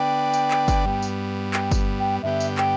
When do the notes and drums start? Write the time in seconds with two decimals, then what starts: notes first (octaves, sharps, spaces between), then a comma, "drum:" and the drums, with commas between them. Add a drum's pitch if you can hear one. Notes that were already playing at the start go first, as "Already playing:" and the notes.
Already playing: D3 B3 D4 B4 D5 G5
0.33 drum: tambourine
0.51 drum: clap
0.68 drum: kick G1, tambourine
0.85 G2 G3 B3
1.02 drum: tambourine
1.54 G5, drum: clap
1.71 drum: kick G1, tambourine
2.00 G5
2.23 G2 D3 B3 G4 E5
2.40 drum: tambourine
2.58 G5, drum: clap